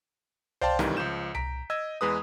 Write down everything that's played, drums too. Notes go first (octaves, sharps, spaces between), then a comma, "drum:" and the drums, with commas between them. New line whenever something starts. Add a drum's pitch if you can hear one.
C5 D5 F5 G5 A5 C6, drum: tom C2
D2 G#2 C3 D#3 E3 G3, drum: snare
C#2 F3 G6 E7
A#5 B6 D7, drum: tom C2
D#5 E6 G#6
E2 G#3 B4 D#6